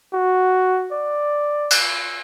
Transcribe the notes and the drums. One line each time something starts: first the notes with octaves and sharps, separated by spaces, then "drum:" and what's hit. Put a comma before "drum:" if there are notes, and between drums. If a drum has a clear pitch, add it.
F#4
D5
drum: cymbal